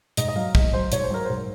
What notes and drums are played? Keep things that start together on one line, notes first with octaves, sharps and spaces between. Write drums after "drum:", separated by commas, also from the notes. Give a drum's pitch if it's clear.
G#2 D#5, drum: hi-hat
D#5
F#3 F5
G#2 D#5, drum: kick
F#3 C5
G#2 C#5, drum: hi-hat
C5
F#3 A#4
G#2 C5